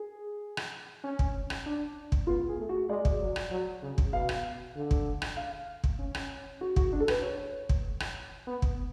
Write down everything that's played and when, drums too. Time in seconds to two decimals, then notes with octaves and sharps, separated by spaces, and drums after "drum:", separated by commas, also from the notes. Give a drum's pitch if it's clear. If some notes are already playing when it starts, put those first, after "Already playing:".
Already playing: G#4
0.57 drum: rim click
1.04 C#4
1.19 drum: kick
1.50 drum: rim click
1.66 D4
2.12 drum: kick
2.27 B3 F4
2.48 G#4
2.58 A3
2.69 F#4
2.89 G#3 D5
3.05 drum: kick
3.21 F#3
3.36 drum: rim click
3.51 F#3
3.83 C#3
3.98 drum: kick
4.13 B2 F5
4.29 drum: rim click
4.76 D3
4.91 drum: kick
5.22 drum: rim click
5.37 F5
5.84 drum: kick
5.99 C#4
6.15 drum: rim click
6.61 F#4
6.76 F#4, drum: kick
6.93 D4
7.00 A4
7.08 B4, drum: rim click
7.22 C#5
7.69 drum: kick
8.00 drum: rim click
8.47 B3
8.62 drum: kick